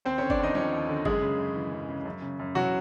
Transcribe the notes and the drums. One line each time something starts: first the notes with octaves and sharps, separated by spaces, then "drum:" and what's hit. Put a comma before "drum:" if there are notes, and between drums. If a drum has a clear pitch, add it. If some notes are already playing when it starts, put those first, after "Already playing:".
D#2 C4 C5
D3 C#4 C#5
D4 D5, drum: kick G1
D#2 D#4 D#5
F3 C#4 C#5, drum: tom F#3
D#2
D3
F#2 G#3 G#4, drum: kick G1
C#3
F#2
E3
F#2
C#3
F#2
C#3
F#2
E3 F#3 F#4, drum: tom B2